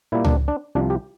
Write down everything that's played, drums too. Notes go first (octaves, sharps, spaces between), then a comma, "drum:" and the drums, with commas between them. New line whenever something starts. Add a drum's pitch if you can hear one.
A#2 G3 A#3 E4
D4, drum: tom C#2
D4
C2 C3 F3 D4
G4